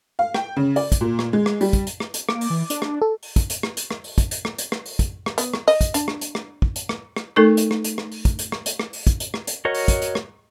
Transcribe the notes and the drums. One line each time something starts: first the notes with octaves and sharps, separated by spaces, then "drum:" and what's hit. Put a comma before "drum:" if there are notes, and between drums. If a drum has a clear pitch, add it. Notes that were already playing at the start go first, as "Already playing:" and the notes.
F5
G5, drum: rim click
C#3
D5, drum: open hi-hat
drum: kick, hi-hat
A#2
drum: rim click
G#3
drum: rim click
G3, drum: open hi-hat
drum: kick, hi-hat
drum: hi-hat
drum: rim click
drum: hi-hat
A#3 D6, drum: rim click
drum: open hi-hat
E3
D4, drum: hi-hat
drum: rim click
A4
drum: open hi-hat
drum: kick, hi-hat
drum: hi-hat
drum: rim click
drum: hi-hat
drum: rim click
drum: open hi-hat
drum: kick, hi-hat
drum: hi-hat
drum: rim click
drum: hi-hat
drum: rim click
drum: open hi-hat
drum: kick, hi-hat
drum: rim click
B3, drum: hi-hat
drum: rim click
D#5, drum: open hi-hat
drum: kick, hi-hat
D4, drum: hi-hat
drum: rim click
drum: hi-hat
drum: rim click
drum: kick
drum: hi-hat
drum: rim click
drum: rim click
A3 D#4 A4 A#4 C#6
drum: hi-hat
drum: rim click
drum: hi-hat
drum: rim click
drum: open hi-hat
drum: kick, hi-hat
drum: hi-hat
drum: rim click
drum: hi-hat
drum: rim click
drum: open hi-hat
drum: kick, hi-hat
drum: hi-hat
drum: rim click
drum: hi-hat
F#4 A#4 C#5 D#5
drum: open hi-hat
drum: kick, hi-hat
drum: hi-hat
drum: rim click